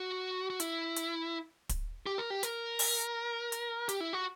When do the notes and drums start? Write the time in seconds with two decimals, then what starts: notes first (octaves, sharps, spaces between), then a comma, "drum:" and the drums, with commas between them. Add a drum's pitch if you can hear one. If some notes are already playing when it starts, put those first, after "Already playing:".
Already playing: F#4
0.50 F#4
0.60 E4, drum: hi-hat
0.96 drum: hi-hat
1.69 drum: kick, hi-hat
2.06 G4
2.18 A#4
2.30 G4
2.43 A#4, drum: hi-hat
2.79 drum: open hi-hat
3.52 drum: hi-hat
3.89 G4, drum: hi-hat
4.00 E4
4.13 F#4